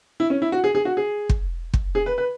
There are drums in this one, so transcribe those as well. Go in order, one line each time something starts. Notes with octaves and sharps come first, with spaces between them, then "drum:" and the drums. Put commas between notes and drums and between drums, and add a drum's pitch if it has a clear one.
E4
C#4
E4
F#4
G#4
G#4
F#4
G#4
drum: kick
drum: kick
G#4
B4
B4